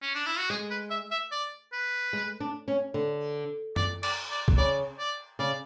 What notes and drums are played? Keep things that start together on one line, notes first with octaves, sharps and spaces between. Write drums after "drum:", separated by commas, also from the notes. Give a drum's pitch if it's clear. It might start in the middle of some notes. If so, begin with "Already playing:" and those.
C#4
D4
E4
F#4
G#3 G#4
B4
E5
E5
D5
B4
G#3
D4
C#4
D3
D5, drum: tom F#2
D5, drum: cymbal
D5
drum: kick
C#3 D5
D5
C#3 D5